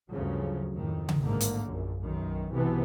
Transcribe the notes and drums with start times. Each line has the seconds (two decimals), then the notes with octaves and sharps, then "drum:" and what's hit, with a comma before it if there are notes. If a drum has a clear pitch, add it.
0.11 D2 G2 C#3 F3 F#3
0.74 F2 A2 D#3
1.09 drum: tom C#3
1.20 A1 G#2 D3 A3 A#3
1.41 drum: hi-hat
1.66 A#1 F#2
2.01 B1 F#2 D#3
2.50 B1 C3 E3 B3